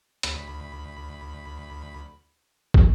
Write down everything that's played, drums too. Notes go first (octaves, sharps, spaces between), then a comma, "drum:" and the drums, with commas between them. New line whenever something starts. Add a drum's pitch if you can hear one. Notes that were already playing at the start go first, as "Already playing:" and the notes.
D2 B5, drum: hi-hat
drum: kick